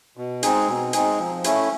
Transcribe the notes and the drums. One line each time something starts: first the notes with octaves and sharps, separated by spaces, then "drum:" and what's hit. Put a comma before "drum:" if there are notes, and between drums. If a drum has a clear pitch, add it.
B2
G#3 C4 D#4 G#4, drum: hi-hat
B2
G#3 C4 D#4 G#4, drum: hi-hat
F3
A3 C#4 E4, drum: hi-hat